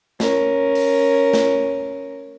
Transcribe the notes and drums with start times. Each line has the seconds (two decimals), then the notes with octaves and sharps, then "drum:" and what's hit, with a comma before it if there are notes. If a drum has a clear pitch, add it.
0.20 C#4 A#4, drum: snare
0.75 drum: open hi-hat
1.33 drum: snare